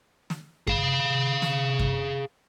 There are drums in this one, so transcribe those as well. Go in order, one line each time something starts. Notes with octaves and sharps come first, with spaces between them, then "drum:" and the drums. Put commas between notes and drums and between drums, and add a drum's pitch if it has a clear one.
drum: snare
G#4 F5, drum: kick F#2
drum: snare
drum: kick F#2